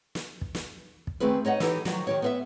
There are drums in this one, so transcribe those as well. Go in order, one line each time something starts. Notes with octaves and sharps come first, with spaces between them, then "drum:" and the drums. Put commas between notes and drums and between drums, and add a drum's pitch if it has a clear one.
drum: snare
drum: kick
drum: snare
drum: kick
D#3 A3 C4 G#4 B4
D#4 C#5 D#5 F#5
E3 D#4 G4 A4, drum: snare
D#3 F3 F#3 F#4, drum: snare
D#3 G4 C#5
B3 C5 E5